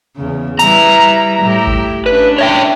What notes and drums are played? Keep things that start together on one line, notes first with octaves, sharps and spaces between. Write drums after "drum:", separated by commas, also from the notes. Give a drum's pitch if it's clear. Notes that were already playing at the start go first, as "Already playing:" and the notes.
E2 C#3
G3 E4 B4 A#5, drum: hi-hat
A2 E4 G4
drum: kick G#1
C#4 D4 B4
C#5 E5 G5